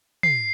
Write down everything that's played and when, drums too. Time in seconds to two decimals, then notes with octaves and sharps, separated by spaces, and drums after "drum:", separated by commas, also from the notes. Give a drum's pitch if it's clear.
0.23 C7, drum: tom